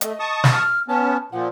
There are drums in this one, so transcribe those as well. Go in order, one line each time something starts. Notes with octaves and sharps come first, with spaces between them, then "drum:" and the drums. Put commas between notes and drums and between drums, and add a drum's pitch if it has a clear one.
A3 D#5, drum: hi-hat
A5 C#6 D#6
drum: snare
F6
B3 C#4 A5
A#2 F3 F#5